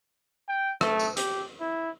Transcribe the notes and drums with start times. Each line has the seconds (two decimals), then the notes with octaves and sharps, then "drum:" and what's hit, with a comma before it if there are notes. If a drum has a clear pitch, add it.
0.49 G5
0.81 A3, drum: rim click
0.99 drum: tambourine
1.17 G4, drum: hi-hat
1.61 E4